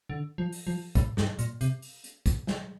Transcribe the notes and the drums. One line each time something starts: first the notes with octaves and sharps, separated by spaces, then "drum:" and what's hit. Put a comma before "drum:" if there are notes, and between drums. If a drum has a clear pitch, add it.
D3
F3
drum: open hi-hat
F3
A2, drum: kick, hi-hat
G2, drum: snare
A#2, drum: hi-hat
C3, drum: hi-hat
drum: open hi-hat
drum: hi-hat
drum: kick, hi-hat
drum: snare